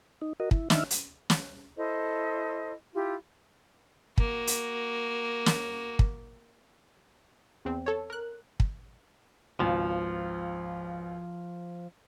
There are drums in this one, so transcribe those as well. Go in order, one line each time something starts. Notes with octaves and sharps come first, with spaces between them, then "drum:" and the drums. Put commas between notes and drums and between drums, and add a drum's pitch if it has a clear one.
D#4
F#4 A#4 D#5
E4, drum: kick
D#3 D4 D#4 E5 E6 F6, drum: snare
drum: hi-hat
drum: snare
E4 A4 C5 D#5
E4 F4 G4
A#3 F#4, drum: kick
drum: hi-hat
drum: snare
drum: kick
E2 C4
A4 C#5
A#4 F#6
drum: kick
G#1 C#2 F3